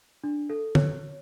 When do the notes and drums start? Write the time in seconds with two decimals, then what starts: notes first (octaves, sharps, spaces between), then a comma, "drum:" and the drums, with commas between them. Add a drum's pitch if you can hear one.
0.24 D4
0.50 A4
0.75 C#5, drum: tom